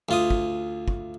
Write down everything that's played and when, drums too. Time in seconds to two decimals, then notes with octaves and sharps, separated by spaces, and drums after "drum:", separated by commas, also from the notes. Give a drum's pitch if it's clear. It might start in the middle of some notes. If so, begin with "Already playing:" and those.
0.09 D2 F4 D#6
0.30 drum: kick
0.88 drum: kick